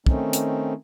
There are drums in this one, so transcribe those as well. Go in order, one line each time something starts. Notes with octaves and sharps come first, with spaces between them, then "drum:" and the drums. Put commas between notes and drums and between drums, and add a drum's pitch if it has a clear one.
D#3 A3 C4 C#4 D#4, drum: kick
drum: hi-hat